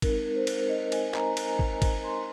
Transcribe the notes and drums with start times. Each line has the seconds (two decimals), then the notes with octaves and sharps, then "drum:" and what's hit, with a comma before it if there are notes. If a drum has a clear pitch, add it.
0.02 G#3 C4 D#4 A#4, drum: kick, cymbal
0.36 C5
0.47 drum: cymbal
0.69 D#5
0.92 G#5, drum: cymbal
1.09 G#5
1.14 A#5, drum: clap
1.37 drum: cymbal
1.59 drum: kick
1.82 drum: kick, cymbal
2.04 C6